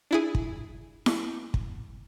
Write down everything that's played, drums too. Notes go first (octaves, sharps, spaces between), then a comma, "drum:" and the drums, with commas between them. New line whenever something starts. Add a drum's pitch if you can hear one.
D4 E4 G#4
drum: kick
drum: snare E4
drum: kick